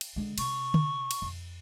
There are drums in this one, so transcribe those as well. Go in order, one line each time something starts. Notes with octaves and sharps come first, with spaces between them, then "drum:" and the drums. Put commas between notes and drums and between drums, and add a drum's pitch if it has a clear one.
drum: cymbal
D3 G#3
C3 C#6, drum: cymbal
drum: tom D3
drum: cymbal
F2